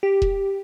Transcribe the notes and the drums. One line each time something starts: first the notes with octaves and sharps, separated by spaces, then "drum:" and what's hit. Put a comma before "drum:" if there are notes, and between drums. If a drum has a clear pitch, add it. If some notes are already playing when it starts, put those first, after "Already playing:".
G4
drum: kick E1